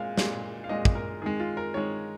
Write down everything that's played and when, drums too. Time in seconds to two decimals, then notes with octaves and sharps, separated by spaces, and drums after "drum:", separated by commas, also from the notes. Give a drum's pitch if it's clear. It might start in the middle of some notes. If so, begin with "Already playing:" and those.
Already playing: A#2 G#3 F5
0.17 A#2 G#3, drum: snare
0.64 F5
0.69 A#2 G#3 D#5
0.85 drum: kick
0.95 A#4
1.22 D#3 G#3 G#4
1.40 F4
1.57 A#4
1.74 D#3 G#3 C#5